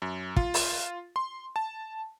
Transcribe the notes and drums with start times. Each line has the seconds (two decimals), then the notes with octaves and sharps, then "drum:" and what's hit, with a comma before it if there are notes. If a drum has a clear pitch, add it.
0.02 F#2
0.36 F4, drum: kick
0.54 drum: open hi-hat
1.16 C6
1.56 A5